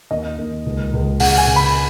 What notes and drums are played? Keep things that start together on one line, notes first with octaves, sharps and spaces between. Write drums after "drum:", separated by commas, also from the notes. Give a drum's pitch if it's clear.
D#2 D#5
D#2
C#2
C#2
C#3 F#5, drum: open hi-hat
G#5
C#3
B5